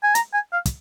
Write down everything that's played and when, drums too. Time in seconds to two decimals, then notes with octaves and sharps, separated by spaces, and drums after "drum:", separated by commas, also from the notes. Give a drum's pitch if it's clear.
0.03 G#5
0.15 A#5, drum: hi-hat
0.33 G#5
0.52 F5
0.66 drum: kick, hi-hat